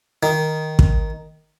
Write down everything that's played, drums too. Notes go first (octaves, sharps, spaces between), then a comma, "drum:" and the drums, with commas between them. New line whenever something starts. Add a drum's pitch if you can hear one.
D#3
drum: kick